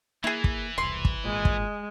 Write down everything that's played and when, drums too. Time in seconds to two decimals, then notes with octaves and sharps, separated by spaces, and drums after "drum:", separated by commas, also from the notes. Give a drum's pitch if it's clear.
0.24 E3 A#3 E4 G#4
0.44 drum: kick
0.78 E1 C2 C6
1.05 drum: kick
1.25 G#1 A#2 G#3
1.45 drum: kick